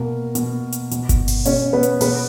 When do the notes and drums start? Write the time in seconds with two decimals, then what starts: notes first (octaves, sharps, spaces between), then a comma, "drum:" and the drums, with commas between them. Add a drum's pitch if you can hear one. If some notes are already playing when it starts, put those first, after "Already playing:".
Already playing: B2 A#3 A#4
0.35 B2, drum: hi-hat
0.72 drum: hi-hat
0.91 B2, drum: hi-hat
1.09 drum: kick G1, hi-hat
1.28 drum: open hi-hat
1.45 B2 C#4 C#5, drum: hi-hat
1.73 B3 B4
1.83 drum: hi-hat
2.01 B2 B3 B4, drum: open hi-hat